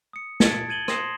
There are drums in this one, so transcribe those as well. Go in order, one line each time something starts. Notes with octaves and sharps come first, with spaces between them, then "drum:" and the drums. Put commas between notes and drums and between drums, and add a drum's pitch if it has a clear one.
D#6 C#7
A5 G#6 A6 C#7 D7, drum: snare
G#6 D#7 F#7 G7
C6 D#6 A#6 C7 E7, drum: rim click